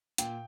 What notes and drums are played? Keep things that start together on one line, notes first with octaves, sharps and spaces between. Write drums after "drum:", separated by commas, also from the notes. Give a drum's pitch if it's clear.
A#2 G5, drum: hi-hat